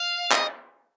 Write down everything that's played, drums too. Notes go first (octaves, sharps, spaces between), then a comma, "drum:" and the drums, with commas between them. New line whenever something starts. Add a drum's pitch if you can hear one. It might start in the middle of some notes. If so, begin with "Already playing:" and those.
Already playing: F5
D#5, drum: clap